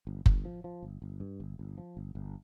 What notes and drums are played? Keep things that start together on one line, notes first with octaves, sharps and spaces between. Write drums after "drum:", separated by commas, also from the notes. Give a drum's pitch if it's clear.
G1
G1, drum: kick F#1
F3
F3
G1
G1
G2
G1
G1
F3
G1
G1